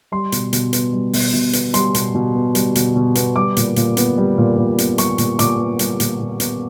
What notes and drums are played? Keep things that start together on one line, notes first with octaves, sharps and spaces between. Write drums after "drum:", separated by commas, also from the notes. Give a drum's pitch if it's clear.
G3 C6
B2, drum: hi-hat
B2, drum: hi-hat
B3, drum: hi-hat
G3
B2, drum: open hi-hat
B2
B3, drum: hi-hat
G3 C6, drum: hi-hat
B2, drum: hi-hat
B2
B3
G3, drum: hi-hat
B2, drum: hi-hat
B2
B3, drum: hi-hat
G3 D6
A#2, drum: hi-hat
A#2, drum: hi-hat
B3, drum: hi-hat
G3
A#2
A#2
B3, drum: hi-hat
G3 C#6, drum: hi-hat
A#2, drum: hi-hat
A#2 D6, drum: hi-hat
B3
G3, drum: hi-hat
A#2, drum: hi-hat
A#2
B3, drum: hi-hat